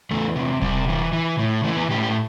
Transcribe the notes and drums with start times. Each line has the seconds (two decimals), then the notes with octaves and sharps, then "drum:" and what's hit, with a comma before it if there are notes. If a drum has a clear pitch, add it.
0.11 E2 A3
0.36 C3
0.61 C3 G3, drum: kick D#1
0.88 E3
1.13 E3
1.39 A2
1.64 E3 A3
1.77 B3
1.90 A2 G4
2.03 G4